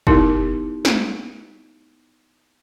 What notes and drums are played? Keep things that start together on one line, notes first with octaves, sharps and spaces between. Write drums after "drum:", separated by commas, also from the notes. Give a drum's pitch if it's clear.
B3 D#4 E4 G4 A#4, drum: kick
drum: snare